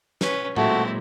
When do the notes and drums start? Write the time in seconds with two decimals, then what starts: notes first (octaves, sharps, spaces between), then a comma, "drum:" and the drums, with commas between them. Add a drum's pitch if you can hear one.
0.21 C#4 B4, drum: snare
0.56 A#2 F#3 G#3 A3 C4 E4 F#4, drum: tom A2